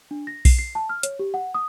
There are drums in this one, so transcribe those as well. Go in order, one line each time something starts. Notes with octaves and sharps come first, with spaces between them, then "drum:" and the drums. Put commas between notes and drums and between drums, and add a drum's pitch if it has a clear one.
D4
A#6
C7, drum: kick B1, open hi-hat
C7
A5
F6
C#5, drum: hi-hat
G4
F#5
D#6